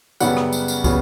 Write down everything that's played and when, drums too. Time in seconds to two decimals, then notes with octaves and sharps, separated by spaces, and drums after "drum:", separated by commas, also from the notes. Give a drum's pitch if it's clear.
0.20 F#2 C#3 G3 B3 F#5, drum: tambourine
0.37 drum: rim click
0.53 drum: tambourine
0.68 drum: tambourine
0.84 C#3 G3 B3, drum: kick, tambourine